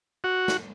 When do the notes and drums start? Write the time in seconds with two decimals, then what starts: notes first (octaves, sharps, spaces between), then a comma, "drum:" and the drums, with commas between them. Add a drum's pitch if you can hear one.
0.24 F#4
0.48 drum: snare